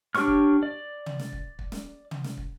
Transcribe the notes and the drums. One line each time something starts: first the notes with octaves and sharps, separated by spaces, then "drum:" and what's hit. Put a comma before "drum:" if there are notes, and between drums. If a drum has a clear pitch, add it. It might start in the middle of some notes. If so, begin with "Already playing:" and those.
D4 G4 C#5 C#6 F6, drum: snare
drum: kick
D5
drum: tom
drum: snare
drum: kick
drum: kick
drum: snare
drum: tom
drum: snare
drum: kick